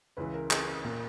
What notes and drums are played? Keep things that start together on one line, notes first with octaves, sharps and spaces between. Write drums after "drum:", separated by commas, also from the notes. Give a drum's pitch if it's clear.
C#2 C#3 E3 B4
A#4
G#4, drum: clap
A#2 A#4